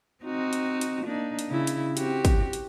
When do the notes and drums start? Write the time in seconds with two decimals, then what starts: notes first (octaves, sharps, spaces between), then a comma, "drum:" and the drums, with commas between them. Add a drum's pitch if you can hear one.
0.24 C4 D#4 F#4
0.53 drum: hi-hat
0.81 drum: hi-hat
1.05 A#3 D4 D#4
1.39 drum: hi-hat
1.49 C#3 E4
1.67 drum: hi-hat
1.97 C4 F#4 G4, drum: hi-hat
2.25 drum: kick, hi-hat
2.53 drum: hi-hat